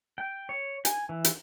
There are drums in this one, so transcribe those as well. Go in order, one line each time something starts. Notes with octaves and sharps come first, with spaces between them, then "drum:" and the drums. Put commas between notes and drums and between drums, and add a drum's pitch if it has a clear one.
G5
C#5
G#5, drum: hi-hat
E3
drum: hi-hat